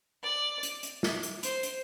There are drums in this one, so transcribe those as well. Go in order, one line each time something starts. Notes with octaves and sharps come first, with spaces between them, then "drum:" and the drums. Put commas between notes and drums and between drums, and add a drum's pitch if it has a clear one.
D5
drum: hi-hat
drum: hi-hat
drum: snare
drum: hi-hat
C5, drum: hi-hat
drum: hi-hat